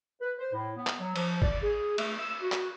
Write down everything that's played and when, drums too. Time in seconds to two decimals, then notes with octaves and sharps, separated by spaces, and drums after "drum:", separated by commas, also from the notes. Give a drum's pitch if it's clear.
0.21 B4
0.39 C5
0.53 A2
0.77 B3
0.87 drum: clap
1.00 F#3
1.16 F3, drum: cymbal
1.42 D5, drum: kick
1.63 G#4
1.98 A3, drum: cymbal
2.18 E6
2.42 F#4
2.52 drum: clap